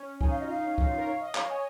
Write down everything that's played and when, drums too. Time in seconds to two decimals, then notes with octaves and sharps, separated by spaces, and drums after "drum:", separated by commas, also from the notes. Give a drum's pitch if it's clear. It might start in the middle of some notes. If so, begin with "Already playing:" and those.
Already playing: C#4
0.21 D#4 G#5, drum: kick C#2
0.30 C#4 F5
0.40 F4 D#5
0.49 D#4 F5
0.64 C#4
0.78 D#4, drum: kick C#2
0.88 F4
0.98 A#4
1.06 C#5
1.21 D#5
1.35 C#5 F5, drum: clap
1.50 C#5 G#5